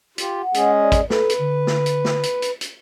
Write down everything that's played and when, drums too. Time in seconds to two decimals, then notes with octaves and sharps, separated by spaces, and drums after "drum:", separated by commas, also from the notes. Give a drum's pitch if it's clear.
0.18 F4 G4, drum: hi-hat
0.41 F#5
0.54 G#3 C#4 G#4, drum: hi-hat
0.81 D5
0.92 drum: kick, hi-hat
1.10 A4 B4, drum: snare
1.29 drum: hi-hat
1.39 D3
1.67 drum: snare
1.86 drum: hi-hat
2.05 drum: snare
2.23 drum: hi-hat
2.42 drum: hi-hat
2.61 drum: hi-hat